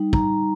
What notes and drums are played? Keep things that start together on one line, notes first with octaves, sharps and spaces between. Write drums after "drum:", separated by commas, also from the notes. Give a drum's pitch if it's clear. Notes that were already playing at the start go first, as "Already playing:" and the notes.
Already playing: G3 D#4
A#5, drum: kick